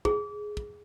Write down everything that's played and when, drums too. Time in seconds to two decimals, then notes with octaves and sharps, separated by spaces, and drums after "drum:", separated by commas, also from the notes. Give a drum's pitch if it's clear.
0.05 G#4, drum: kick
0.57 drum: kick